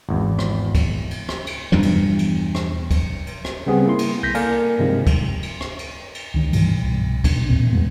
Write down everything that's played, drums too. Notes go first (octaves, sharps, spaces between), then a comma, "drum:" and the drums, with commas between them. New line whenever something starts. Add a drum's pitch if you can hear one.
G#1 E2
drum: rim click
drum: kick, cymbal
drum: cymbal
drum: rim click
drum: cymbal
E2 G2 B2 F3
drum: cymbal
drum: cymbal
drum: rim click
drum: kick, cymbal
drum: cymbal
drum: rim click
C#3 G3 B3 C4 G#4
A#3 E4 C6
drum: cymbal
C2 G6 A#6 B6
A#3 A4 A#4 D5 F5 G#5, drum: cymbal
G2 C3 D#3 F3 G#3
drum: kick, cymbal
drum: cymbal
drum: rim click
drum: cymbal
drum: cymbal
C#2 D#3
G2 B2 E3 F3, drum: cymbal
C2 B2
A#1 B2 B3 D4, drum: kick, cymbal
E2 A#2 C4
E2 G#3 B3